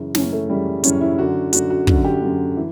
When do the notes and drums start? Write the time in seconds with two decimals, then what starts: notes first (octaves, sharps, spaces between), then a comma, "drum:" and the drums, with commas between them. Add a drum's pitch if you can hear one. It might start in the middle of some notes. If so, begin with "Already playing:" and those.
Already playing: F#2 C#3 E3
0.15 F#2 C#3 E3 C#4, drum: snare
0.32 A3
0.49 F#2 C#3 E3 G3
0.84 F#2 C#3 E3 C#4, drum: hi-hat
1.01 E4
1.18 F#2 D3 F#4
1.53 F#2 D3 F#4, drum: hi-hat
1.70 F#4
1.87 F#2 D3 F#4, drum: kick
2.04 G4
2.22 F#2 D3
2.57 E3